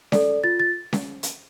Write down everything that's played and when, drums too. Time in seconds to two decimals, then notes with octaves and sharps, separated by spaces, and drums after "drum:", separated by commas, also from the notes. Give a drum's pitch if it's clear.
0.12 A4 D5, drum: snare C#4
0.44 F4 A6
0.60 A6
0.93 drum: snare C#4
1.23 drum: hi-hat